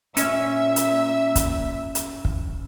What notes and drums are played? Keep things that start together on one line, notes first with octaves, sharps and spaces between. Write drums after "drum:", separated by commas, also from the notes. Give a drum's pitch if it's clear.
A#2 C#4 E5 E6, drum: hi-hat
drum: hi-hat
drum: kick, hi-hat
drum: hi-hat
drum: kick